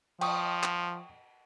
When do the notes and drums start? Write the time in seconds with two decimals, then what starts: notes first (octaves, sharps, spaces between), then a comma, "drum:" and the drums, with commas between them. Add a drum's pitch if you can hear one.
0.21 F3 G5 C#6 D#6, drum: cymbal
0.63 drum: clap